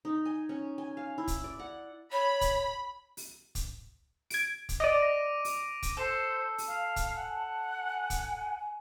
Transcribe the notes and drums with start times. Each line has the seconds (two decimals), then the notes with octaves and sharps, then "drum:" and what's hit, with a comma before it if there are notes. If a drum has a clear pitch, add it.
0.05 D#4
0.25 G#5
0.49 C#4
0.78 G#5
0.97 F5
1.18 E4
1.28 drum: kick, hi-hat
1.44 D5
1.59 F#5
2.12 C#5 B5
2.41 drum: kick, hi-hat
3.17 drum: open hi-hat
3.55 drum: kick, hi-hat
4.30 G#6 D7, drum: open hi-hat
4.69 drum: kick, hi-hat
4.80 D5 D#5 D6 D7 D#7
5.02 A#6
5.45 drum: open hi-hat
5.83 drum: kick, hi-hat
5.97 A4 C5
6.58 drum: open hi-hat
6.68 F5
6.96 drum: kick, hi-hat
7.15 F#5 G#5
7.34 A5
7.81 G#5
8.10 drum: kick, hi-hat